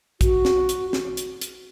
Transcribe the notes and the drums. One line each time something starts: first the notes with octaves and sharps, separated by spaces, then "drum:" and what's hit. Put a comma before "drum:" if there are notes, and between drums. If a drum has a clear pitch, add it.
F#4, drum: kick A#1, hi-hat
drum: snare
drum: hi-hat
drum: snare
drum: hi-hat
drum: hi-hat